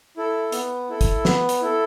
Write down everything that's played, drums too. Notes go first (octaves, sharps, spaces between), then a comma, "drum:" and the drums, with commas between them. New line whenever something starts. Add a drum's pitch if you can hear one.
E4 A4
B3, drum: hi-hat
E4 A4
drum: kick, hi-hat
B3, drum: snare
drum: hi-hat
E4 A4